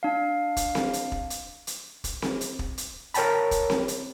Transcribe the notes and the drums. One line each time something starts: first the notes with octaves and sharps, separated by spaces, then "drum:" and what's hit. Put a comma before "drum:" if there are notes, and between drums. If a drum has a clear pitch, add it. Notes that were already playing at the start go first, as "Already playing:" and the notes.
D4 F5
drum: kick, hi-hat
drum: snare C4
drum: hi-hat
drum: kick
drum: hi-hat
drum: hi-hat
drum: kick, hi-hat
drum: snare C4
drum: hi-hat
drum: kick
drum: hi-hat
A#4 C#5 G5 A5 B5, drum: hi-hat
drum: kick, hi-hat
drum: snare C4
drum: hi-hat